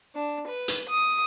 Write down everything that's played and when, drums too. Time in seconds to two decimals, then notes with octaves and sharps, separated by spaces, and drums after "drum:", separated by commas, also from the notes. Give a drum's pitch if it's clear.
0.16 D4
0.48 B4
0.68 drum: hi-hat
0.89 D#6